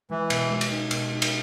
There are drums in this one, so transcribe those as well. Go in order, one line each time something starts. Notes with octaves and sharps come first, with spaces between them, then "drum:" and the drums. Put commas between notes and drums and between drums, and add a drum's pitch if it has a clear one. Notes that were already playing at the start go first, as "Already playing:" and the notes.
E3 G#3
B2, drum: cymbal
G#3
drum: cymbal
D#4
B2, drum: cymbal
D#4
drum: cymbal